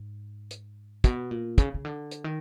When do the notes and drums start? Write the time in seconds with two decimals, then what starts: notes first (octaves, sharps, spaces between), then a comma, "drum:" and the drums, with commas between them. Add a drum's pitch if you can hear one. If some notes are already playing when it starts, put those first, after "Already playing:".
Already playing: G#2
0.51 drum: hi-hat
1.04 B2, drum: kick, hi-hat
1.31 A#2
1.58 C#3, drum: kick, hi-hat
1.74 C#3
1.85 D3
2.11 drum: hi-hat
2.24 D#3